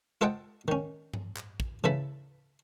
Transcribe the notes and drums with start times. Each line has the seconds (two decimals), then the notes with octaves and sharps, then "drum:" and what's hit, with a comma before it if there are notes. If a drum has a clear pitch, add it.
0.21 F4 A4 C5 D#5 F#5 G5
0.68 D#3 C#4
1.14 drum: tom G2
1.37 drum: clap
1.60 drum: kick
1.84 C#3 E3 A4 B5